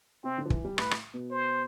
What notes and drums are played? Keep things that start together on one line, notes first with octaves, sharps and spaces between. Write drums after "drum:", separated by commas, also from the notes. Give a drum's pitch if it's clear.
C3 C4
D3
F3
E3, drum: kick
G3
A2 B4, drum: rim click
drum: rim click
B2
C5